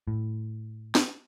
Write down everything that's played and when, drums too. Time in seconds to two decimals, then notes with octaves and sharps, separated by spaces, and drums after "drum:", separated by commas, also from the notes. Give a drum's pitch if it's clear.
0.08 A2
0.95 drum: snare